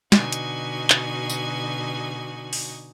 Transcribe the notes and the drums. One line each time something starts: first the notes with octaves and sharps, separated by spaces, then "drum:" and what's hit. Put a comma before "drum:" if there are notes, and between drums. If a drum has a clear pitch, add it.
B2 D3 D#4 F#4 G#5, drum: snare
drum: hi-hat
drum: clap
drum: tambourine
drum: open hi-hat